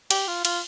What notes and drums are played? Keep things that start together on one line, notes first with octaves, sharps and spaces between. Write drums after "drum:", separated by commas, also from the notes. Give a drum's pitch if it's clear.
G4, drum: cymbal
F4
F4, drum: cymbal